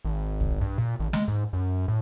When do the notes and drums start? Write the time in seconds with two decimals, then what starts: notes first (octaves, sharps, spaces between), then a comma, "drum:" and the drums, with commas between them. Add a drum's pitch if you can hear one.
0.05 G#1
0.40 drum: kick
0.61 G2
0.78 A#2
1.00 G#1
1.13 G#3, drum: snare
1.28 G#2
1.53 F#2
1.88 A2